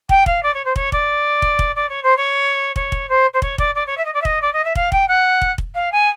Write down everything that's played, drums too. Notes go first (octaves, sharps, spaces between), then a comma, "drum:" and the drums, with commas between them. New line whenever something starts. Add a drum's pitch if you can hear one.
G5, drum: kick
F5, drum: kick
D5
C#5
C5
C#5, drum: kick
D5, drum: kick
drum: kick
drum: kick
D5
C#5
C5
C#5
C#5, drum: kick
drum: kick
C5
C5
C#5, drum: kick
D5, drum: kick
D5
C#5
E5
D#5
D5
E5
D#5, drum: kick
D5
D#5
E5
F5, drum: kick
G5, drum: kick
F#5
drum: kick
drum: kick
F5
G#5